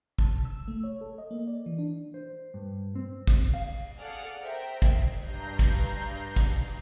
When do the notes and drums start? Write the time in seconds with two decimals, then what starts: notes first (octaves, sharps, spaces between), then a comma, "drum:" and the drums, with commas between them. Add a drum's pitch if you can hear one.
0.19 A5, drum: kick
0.30 C3
0.45 E6
0.68 A3
0.84 C#5
1.01 A4
1.18 D#5
1.31 A#3
1.47 D5
1.66 E3
1.79 D4
2.14 C5
2.54 G2
2.95 C4
3.27 drum: kick, cymbal
3.54 F5
3.98 G#4 A4 D5 F5 F#5 F6
4.42 A#4 C5 E5 G5 A#5
4.82 drum: kick, cymbal
5.20 G2 A#5 G6 C7
5.59 drum: kick, cymbal
6.36 drum: kick, cymbal